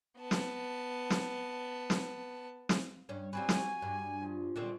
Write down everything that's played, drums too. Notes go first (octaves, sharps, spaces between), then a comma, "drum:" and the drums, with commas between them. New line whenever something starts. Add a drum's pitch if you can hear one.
B3 A5
drum: snare
drum: snare
drum: snare
drum: snare
G2 C#4
F#3 G3 C4 C#4 B4 G#5
drum: snare
G2
F3 G#4
A#2 D3 G#3 C4 C#4 G#4